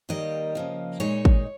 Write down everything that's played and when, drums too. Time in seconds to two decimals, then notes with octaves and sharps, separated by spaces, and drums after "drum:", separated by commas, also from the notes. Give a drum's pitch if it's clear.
0.09 D#2 D#3 G3 A#3 D#5
0.55 C#3 F3 A#3
1.00 A#2 G#3 D#4 C#5
1.25 drum: kick G#1